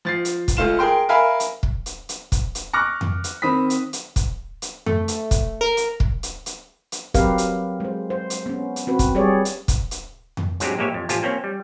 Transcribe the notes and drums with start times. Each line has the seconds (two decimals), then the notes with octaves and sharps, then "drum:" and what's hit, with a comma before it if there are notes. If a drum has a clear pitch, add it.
0.05 F3 A6 C7
0.25 drum: hi-hat
0.48 drum: kick, hi-hat
0.57 C#2 A3 F4 E7
0.79 G#4 A#4 G5 C6
1.09 A#4 E5 F5 G#5 B5
1.40 drum: hi-hat
1.63 drum: kick
1.86 drum: hi-hat
2.09 drum: hi-hat
2.32 drum: kick, hi-hat
2.55 drum: hi-hat
2.73 C#6 D6 F6 F#6 A#6 C#7
3.01 drum: tom F2
3.24 drum: hi-hat
3.42 D#3 C4 B5 D#6 B6
3.70 drum: hi-hat
3.93 drum: hi-hat
4.16 drum: kick, hi-hat
4.62 drum: hi-hat
4.86 A3, drum: tom F2
5.08 drum: hi-hat
5.31 drum: kick, hi-hat
5.61 A#4
5.77 drum: hi-hat
6.00 drum: kick
6.23 drum: hi-hat
6.46 drum: hi-hat
6.92 drum: hi-hat
7.14 F#3 C4 G4 A#4 B4 F5, drum: kick, hi-hat
7.38 drum: hi-hat
7.80 G#3 C5
8.10 C5
8.30 drum: hi-hat
8.46 B3 C#4
8.76 drum: hi-hat
8.87 C4 F#4 B4
8.99 drum: kick, hi-hat
9.15 G3 G4 G#4 C#5 D5
9.45 drum: hi-hat
9.68 drum: kick, hi-hat
9.91 drum: hi-hat
10.37 drum: tom F2
10.60 G#2 F#3 G#3 C4 D4 G4, drum: hi-hat
10.78 A#1 G#3 A#3 G4 C#5 E5
10.94 F2
11.09 A1 F3 F4 G4 G#5 A5, drum: hi-hat
11.23 A#3 C4 C#4 C#5
11.44 G3